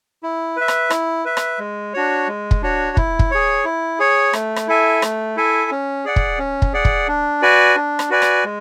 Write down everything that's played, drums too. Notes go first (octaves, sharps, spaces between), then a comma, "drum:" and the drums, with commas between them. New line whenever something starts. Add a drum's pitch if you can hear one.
E4
B4 E5
drum: rim click
E4, drum: rim click
B4 E5
drum: rim click
G#3
D4 F#4 C#5
G#3
drum: kick
D4 F#4 C#5
E4, drum: kick
drum: kick
G#4 C#5
E4
G#4 C#5
A3, drum: rim click
drum: rim click
E4 A4 E5 G#5
A3, drum: rim click
E4 A4 E5 G#5
C#4
G#4 D5 F#5
drum: kick
C#4
drum: kick
G#4 D5 F#5
drum: kick
D4
F#4 B4 D5 G#5
D4
drum: rim click
F#4 B4 D5 G#5
drum: rim click
G#3